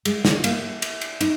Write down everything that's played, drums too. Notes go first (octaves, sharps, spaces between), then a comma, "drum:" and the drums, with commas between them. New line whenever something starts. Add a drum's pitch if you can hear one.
G#3, drum: cymbal
drum: snare
A#3, drum: cymbal
drum: cymbal
drum: cymbal
D#4, drum: cymbal